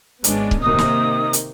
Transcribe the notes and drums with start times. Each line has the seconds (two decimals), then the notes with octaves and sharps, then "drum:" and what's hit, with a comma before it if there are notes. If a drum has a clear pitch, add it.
0.24 G#1 G#3 B3 C#4 D4, drum: hi-hat
0.51 drum: kick C#1
0.62 C3 D#3 A#3 D#4 D#6
0.78 drum: snare
1.33 drum: hi-hat